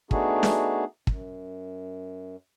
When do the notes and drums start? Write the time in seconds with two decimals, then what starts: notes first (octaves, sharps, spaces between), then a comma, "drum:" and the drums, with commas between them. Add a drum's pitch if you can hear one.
0.11 A3 B3 D4 D#4 F#4 G#4, drum: kick
0.43 drum: snare
1.07 F#2, drum: kick